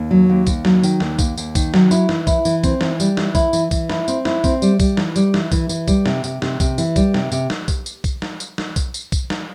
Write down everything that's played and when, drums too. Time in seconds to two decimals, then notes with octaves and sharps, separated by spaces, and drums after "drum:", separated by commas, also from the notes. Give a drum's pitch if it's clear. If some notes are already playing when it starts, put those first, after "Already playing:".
Already playing: D#2
0.11 F#3
0.29 D#2
0.47 D#2, drum: kick B1, tambourine
0.65 F#3, drum: snare
0.84 D#3, drum: tambourine
1.00 D#2, drum: snare
1.19 D#2, drum: kick B1, tambourine
1.37 D#2, drum: tambourine
1.55 D#3, drum: kick B1, tambourine
1.74 F#3, drum: snare
1.91 E4, drum: tambourine
2.09 E3, drum: snare
2.27 E4, drum: kick B1, tambourine
2.45 E3, drum: tambourine
2.64 C4, drum: kick B1, tambourine
2.81 E3, drum: snare
3.00 G3, drum: tambourine
3.17 E3, drum: snare
3.35 E4, drum: kick B1, tambourine
3.53 E3, drum: tambourine
3.71 E3, drum: kick B1, tambourine
3.90 E4, drum: snare
4.08 C4, drum: tambourine
4.25 E4, drum: snare
4.44 C4, drum: kick B1, tambourine
4.62 G3, drum: tambourine
4.80 G3, drum: kick B1, tambourine
4.97 E3, drum: snare
5.16 G3, drum: tambourine
5.34 E3, drum: snare
5.52 E3, drum: kick B1, tambourine
5.69 E3, drum: tambourine
5.88 G3, drum: kick B1, tambourine
6.06 C3, drum: snare
6.24 C3, drum: tambourine
6.42 C3, drum: snare
6.60 C3, drum: kick B1, tambourine
6.78 E3, drum: tambourine
6.96 G3, drum: kick B1, tambourine
7.14 C3, drum: snare
7.32 C3, drum: tambourine
7.50 drum: snare
7.68 drum: kick B1, tambourine
7.86 drum: tambourine
8.04 drum: kick B1, tambourine
8.22 drum: snare
8.40 drum: tambourine
8.58 drum: snare
8.76 drum: kick B1, tambourine
8.94 drum: tambourine
9.12 drum: kick B1, tambourine
9.30 drum: snare